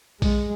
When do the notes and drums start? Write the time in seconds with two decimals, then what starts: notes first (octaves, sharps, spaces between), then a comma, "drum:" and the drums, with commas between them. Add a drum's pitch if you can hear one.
0.22 G#3, drum: kick A#1, open hi-hat